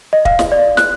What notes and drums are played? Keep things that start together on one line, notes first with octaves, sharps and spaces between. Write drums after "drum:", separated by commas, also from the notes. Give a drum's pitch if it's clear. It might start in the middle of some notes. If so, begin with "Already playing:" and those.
D#5
F5, drum: kick
drum: snare
D5
F#6, drum: snare